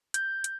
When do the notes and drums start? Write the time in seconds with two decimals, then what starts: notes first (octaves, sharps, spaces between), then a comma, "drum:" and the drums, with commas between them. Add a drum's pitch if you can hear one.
0.14 G6, drum: hi-hat
0.44 drum: hi-hat